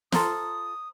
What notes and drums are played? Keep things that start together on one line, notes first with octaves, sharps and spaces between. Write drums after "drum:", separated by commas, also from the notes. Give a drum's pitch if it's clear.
F4 A4 C5 A#5 C6 D#6, drum: snare